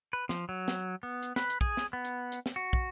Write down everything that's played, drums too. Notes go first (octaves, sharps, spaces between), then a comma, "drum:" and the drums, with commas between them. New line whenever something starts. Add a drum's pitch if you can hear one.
B4
F3, drum: snare
F#3
drum: snare
B3
drum: hi-hat
B4, drum: snare
drum: hi-hat
G#4, drum: kick
drum: snare
B3
drum: hi-hat
drum: hi-hat
drum: snare
F#4
drum: kick